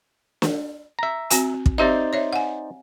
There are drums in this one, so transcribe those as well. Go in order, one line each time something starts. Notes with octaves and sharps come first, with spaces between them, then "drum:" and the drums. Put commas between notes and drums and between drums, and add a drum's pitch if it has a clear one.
drum: snare
E5 A#5
C4 F#4 G#5, drum: hi-hat
drum: kick
C4 D#4 G4 C5 D5 E5
C#5 D#5 E5
F#5 G#5